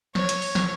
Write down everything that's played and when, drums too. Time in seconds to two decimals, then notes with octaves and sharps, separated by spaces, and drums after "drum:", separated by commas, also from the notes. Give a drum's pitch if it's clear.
0.15 C#5, drum: snare
0.29 drum: hi-hat
0.42 drum: open hi-hat
0.55 drum: snare